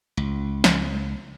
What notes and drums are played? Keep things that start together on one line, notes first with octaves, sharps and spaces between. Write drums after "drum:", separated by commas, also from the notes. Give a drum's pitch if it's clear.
C#2
drum: snare